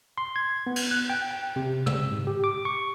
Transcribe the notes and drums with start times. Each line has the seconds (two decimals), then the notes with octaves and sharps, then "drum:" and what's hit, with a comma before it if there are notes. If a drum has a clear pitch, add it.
0.18 C6
0.36 G#6
0.67 B3
0.76 drum: cymbal
0.91 F#6
1.10 G5
1.31 G5
1.56 C3
1.86 E6, drum: tom
2.11 G#2
2.27 G4
2.44 D6
2.65 C#6